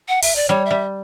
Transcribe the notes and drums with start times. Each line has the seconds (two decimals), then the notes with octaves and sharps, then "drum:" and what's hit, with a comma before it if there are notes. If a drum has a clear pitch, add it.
0.08 F#5
0.23 E5, drum: open hi-hat
0.36 D5
0.49 G3 C#5
0.66 G3 E5